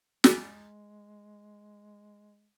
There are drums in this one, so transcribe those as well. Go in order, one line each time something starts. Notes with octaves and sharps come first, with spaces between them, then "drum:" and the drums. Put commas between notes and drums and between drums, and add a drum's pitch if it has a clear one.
G#3 G#5 F#6, drum: snare